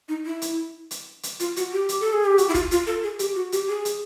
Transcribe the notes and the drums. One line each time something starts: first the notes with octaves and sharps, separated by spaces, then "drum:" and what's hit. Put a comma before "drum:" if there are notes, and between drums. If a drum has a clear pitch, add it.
D#4
E4
drum: hi-hat
drum: hi-hat
drum: hi-hat
F4, drum: hi-hat
F#4, drum: hi-hat
G4
drum: hi-hat
A4
G#4
G4
F#4, drum: hi-hat
E4
F4, drum: kick, hi-hat
F4, drum: hi-hat
A4
G#4
G4, drum: hi-hat
F#4
G4, drum: hi-hat
G#4
drum: hi-hat